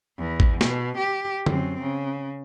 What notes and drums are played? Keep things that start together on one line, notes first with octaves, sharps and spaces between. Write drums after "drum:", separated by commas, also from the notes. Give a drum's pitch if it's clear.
E2
drum: kick A1
B2, drum: snare
G4
F#2 C4, drum: tom D3
C#3